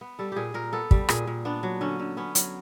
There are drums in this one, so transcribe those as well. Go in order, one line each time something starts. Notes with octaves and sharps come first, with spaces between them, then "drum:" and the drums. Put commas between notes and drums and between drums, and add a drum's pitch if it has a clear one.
B3
G3 A4
A#2 G4 G#4
A#2 A#4
B3 A4
G3, drum: kick
A#2 G#4, drum: rim click
A#2
B3 D4
F#3
D3 C#4
D3
B3 C#4
F#3, drum: hi-hat